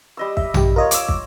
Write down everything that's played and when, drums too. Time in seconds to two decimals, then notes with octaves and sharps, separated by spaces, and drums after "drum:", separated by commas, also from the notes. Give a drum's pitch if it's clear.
0.17 G3 D#5 E6
0.37 E5, drum: kick
0.54 G2 G4, drum: tom A#1
0.76 F4 A#4 C#5 D#5
0.91 D6 E6, drum: hi-hat
1.08 drum: kick